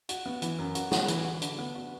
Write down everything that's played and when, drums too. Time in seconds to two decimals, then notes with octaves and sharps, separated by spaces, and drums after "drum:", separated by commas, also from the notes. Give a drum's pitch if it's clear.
0.09 F#4, drum: hi-hat
0.26 B3
0.42 E3, drum: hi-hat
0.59 F#2
0.75 F#4, drum: hi-hat
0.91 F#4, drum: snare
1.08 E3, drum: hi-hat
1.24 F#4
1.42 D3, drum: hi-hat
1.59 B3
1.75 F#4